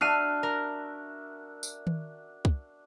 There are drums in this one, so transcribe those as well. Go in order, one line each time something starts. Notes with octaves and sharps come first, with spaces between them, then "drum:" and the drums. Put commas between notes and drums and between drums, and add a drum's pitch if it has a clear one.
D4 F#4 E5 F6 C7 D#7
A#4
drum: tambourine
drum: tom D#3
drum: kick